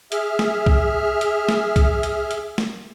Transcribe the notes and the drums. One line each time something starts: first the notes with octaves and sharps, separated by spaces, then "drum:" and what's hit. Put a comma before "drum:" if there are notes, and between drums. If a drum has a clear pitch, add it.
G#4 E5 F6, drum: hi-hat
drum: snare
drum: kick
drum: hi-hat
drum: snare
drum: kick, hi-hat
drum: hi-hat
drum: hi-hat
drum: snare